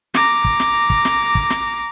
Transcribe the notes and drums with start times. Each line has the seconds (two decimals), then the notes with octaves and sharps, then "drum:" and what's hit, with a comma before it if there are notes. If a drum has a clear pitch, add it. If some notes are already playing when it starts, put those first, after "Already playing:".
0.14 A#5 D6, drum: snare
0.45 drum: kick
0.60 drum: snare
0.90 drum: kick
1.05 drum: snare
1.35 drum: kick
1.50 drum: snare